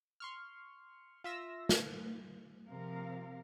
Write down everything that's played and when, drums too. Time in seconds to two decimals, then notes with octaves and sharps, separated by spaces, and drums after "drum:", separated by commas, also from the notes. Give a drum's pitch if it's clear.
0.20 C6 C#6 F6
1.24 F4 E5 E6 A#6
1.69 drum: snare
2.68 C3 F3 A#4 F5